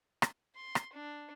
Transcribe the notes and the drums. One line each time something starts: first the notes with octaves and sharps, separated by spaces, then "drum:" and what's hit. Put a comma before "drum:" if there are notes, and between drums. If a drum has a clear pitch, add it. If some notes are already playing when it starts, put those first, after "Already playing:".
drum: rim click
C6
drum: rim click
D4